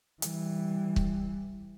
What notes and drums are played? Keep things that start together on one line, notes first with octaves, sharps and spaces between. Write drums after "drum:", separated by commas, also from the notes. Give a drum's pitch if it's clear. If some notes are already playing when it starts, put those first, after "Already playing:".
E3 G3, drum: hi-hat
drum: kick C#1